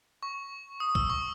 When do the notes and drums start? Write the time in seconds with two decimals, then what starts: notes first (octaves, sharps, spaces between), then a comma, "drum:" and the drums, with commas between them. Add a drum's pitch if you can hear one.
0.23 C#6
0.80 D#6
0.95 E6, drum: kick
1.10 C#6